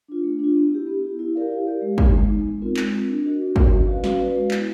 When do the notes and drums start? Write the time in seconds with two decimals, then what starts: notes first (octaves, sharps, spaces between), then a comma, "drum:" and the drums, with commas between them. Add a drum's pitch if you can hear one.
0.08 D4 F4
0.24 A3
0.39 D4 F4
0.56 B3
0.71 E4 G4
0.87 B3
1.03 E4 G4
1.19 E4
1.35 G4 A#4 D5 F5
1.50 E4
1.67 G4 A#4 D5 F5
1.82 G#3
1.98 B3 D#4, drum: kick
2.14 G#3
2.29 B3 D#4
2.46 G#3
2.62 C4 F4 A#4
2.77 G#3, drum: clap
2.93 C4 F4 A#4
3.09 D4
3.25 F#4 A#4 D#5
3.40 D4
3.56 F#4 A#4 D#5, drum: kick
3.72 C#4
3.88 F#4 B4 D5 F5
4.04 C#4, drum: snare
4.19 F#4 B4 D5 F5
4.35 G#3
4.51 B3 E4, drum: clap